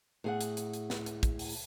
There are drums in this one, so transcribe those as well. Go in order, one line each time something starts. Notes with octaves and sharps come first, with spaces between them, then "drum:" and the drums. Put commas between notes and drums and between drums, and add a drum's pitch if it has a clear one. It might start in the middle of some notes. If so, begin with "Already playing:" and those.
A2 G#4 F#5
drum: hi-hat
drum: hi-hat
drum: hi-hat
drum: snare
drum: hi-hat
drum: kick, hi-hat
drum: open hi-hat